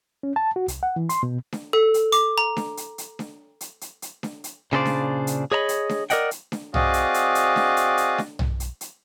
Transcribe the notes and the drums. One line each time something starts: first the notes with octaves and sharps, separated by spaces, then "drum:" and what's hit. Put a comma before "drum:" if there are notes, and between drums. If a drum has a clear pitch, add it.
C#4
A5
F#4
C2, drum: hi-hat
F#5
E3
C6, drum: hi-hat
B2
drum: snare D4
A4
drum: hi-hat
D6, drum: hi-hat
A#5
drum: snare D4
drum: hi-hat
drum: hi-hat
drum: snare D4
drum: hi-hat
drum: hi-hat
drum: hi-hat
drum: snare D4
drum: hi-hat
A#2 C#3 D4 A4 C5 D5
drum: snare D4
drum: hi-hat
G#4 C#5 D#5 A#5 B5
drum: hi-hat
drum: snare D4
A#4 D5 D#5 F#5 G5, drum: hi-hat
drum: hi-hat
drum: snare D4
C4 F#4 G#4 D5 D#5 F5, drum: tom
drum: hi-hat
drum: hi-hat
drum: hi-hat
drum: snare D4
drum: hi-hat
drum: hi-hat
drum: snare D4
drum: tom
drum: hi-hat
drum: hi-hat